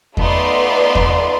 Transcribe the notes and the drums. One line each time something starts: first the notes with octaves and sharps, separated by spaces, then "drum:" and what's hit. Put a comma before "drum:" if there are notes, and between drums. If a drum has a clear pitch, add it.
A3 B3 D#4 F4 D5 C6, drum: kick E2
drum: kick E2